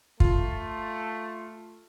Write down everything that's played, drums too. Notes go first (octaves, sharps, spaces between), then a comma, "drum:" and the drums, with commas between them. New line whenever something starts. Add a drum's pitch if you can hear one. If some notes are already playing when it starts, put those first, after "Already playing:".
A3 F4, drum: kick